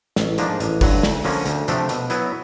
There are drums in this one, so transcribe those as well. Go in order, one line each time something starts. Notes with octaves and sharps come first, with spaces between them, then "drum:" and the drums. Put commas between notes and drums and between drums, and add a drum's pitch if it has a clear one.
A1, drum: snare
G#2 F3 A#3 D4, drum: hi-hat
A1, drum: hi-hat
G2 D3 F#3, drum: kick G1, open hi-hat
D2, drum: snare
D3 F3 A#3 C#4, drum: open hi-hat
D2, drum: hi-hat
C3 F3 A3 D4, drum: hi-hat
B2, drum: hi-hat
F#3 B3 E4, drum: hi-hat